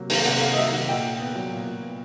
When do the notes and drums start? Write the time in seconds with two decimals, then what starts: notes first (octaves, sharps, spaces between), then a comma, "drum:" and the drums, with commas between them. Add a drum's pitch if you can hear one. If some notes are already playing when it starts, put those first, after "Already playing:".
Already playing: C3 F#3 A#3
0.10 D#3 F5, drum: open hi-hat
0.25 C3 F#5
0.41 A#3 F5
0.52 D#5
0.57 F#3 E5
0.72 D#3 F#5
0.88 A#2 G5
1.04 A#2
1.20 B3
1.35 F#3
1.51 A#2
1.67 A#2
1.82 B3